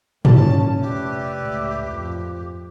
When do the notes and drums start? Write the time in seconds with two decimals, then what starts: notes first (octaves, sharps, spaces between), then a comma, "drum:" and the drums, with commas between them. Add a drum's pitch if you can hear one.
0.25 A#2 C#4 A5, drum: tom
0.82 F1 G4 B4 D5 E5
1.40 C#2 A2
1.88 F2